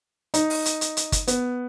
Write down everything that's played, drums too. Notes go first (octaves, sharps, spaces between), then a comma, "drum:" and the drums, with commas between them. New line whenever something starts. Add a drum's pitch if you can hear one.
D#4, drum: hi-hat
drum: open hi-hat
drum: hi-hat
drum: hi-hat
drum: hi-hat
drum: kick G1, hi-hat
B3, drum: hi-hat